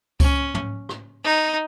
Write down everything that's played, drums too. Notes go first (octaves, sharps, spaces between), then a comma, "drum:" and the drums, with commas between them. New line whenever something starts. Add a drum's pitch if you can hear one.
C#4, drum: kick C#2, tambourine
drum: tom
drum: rim click
D#4